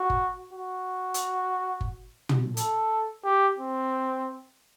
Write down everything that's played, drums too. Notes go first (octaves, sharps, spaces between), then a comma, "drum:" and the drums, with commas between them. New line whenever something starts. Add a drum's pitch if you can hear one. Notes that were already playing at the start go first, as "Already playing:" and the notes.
Already playing: F#4
drum: kick G1
F#4
drum: hi-hat
drum: kick G1
drum: tom
A4, drum: hi-hat
G4
C4